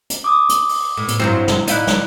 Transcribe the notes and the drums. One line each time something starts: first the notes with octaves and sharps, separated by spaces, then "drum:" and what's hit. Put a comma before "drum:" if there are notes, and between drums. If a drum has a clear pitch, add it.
drum: hi-hat
D6 D#6
drum: hi-hat
drum: open hi-hat
A2
drum: hi-hat
G2 F#3 C4 E4 F#4
drum: snare
D#4 E4 D5 F5 F#6, drum: hi-hat
drum: snare